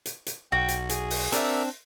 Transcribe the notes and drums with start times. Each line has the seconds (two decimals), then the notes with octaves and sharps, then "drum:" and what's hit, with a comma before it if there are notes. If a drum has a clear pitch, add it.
0.06 drum: hi-hat
0.26 drum: hi-hat
0.52 B1 F#4 G5
0.68 drum: hi-hat
0.89 G#4, drum: hi-hat
1.10 drum: open hi-hat
1.32 C4 D4 A#4 D5 E5, drum: hi-hat